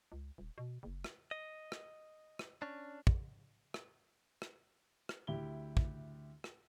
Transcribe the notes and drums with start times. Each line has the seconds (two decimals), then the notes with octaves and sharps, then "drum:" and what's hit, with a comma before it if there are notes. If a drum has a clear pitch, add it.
0.12 C#2
0.38 D#1
0.58 B2
0.83 F#1
1.04 drum: rim click
1.31 D#5
1.72 drum: rim click
2.39 drum: rim click
2.62 C#4 D4
3.07 drum: kick
3.74 drum: rim click
4.42 drum: rim click
5.09 drum: rim click
5.27 D2 E4 G4 G7
5.77 drum: kick
6.44 drum: rim click